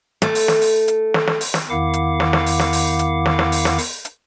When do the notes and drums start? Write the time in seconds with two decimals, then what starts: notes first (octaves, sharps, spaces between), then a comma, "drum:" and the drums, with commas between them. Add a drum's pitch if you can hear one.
0.22 A3, drum: snare
0.35 drum: open hi-hat
0.48 drum: snare
0.61 drum: open hi-hat
0.88 drum: hi-hat
1.14 drum: snare
1.27 drum: snare
1.41 drum: open hi-hat
1.54 drum: snare
1.70 E2 D#3 E4 F5 F#5 D6
1.93 drum: hi-hat
2.20 drum: snare
2.33 drum: snare
2.46 drum: open hi-hat
2.60 drum: snare
2.73 drum: open hi-hat
2.99 drum: hi-hat
3.26 drum: snare
3.39 drum: snare
3.52 drum: open hi-hat
3.65 drum: snare
3.78 drum: open hi-hat
4.05 drum: hi-hat